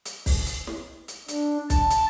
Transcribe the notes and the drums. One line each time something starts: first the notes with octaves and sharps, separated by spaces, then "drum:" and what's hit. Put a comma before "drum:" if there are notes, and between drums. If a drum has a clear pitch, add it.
drum: hi-hat
drum: kick, open hi-hat
drum: hi-hat
drum: snare
drum: hi-hat
D4, drum: hi-hat
A5, drum: kick, hi-hat
drum: hi-hat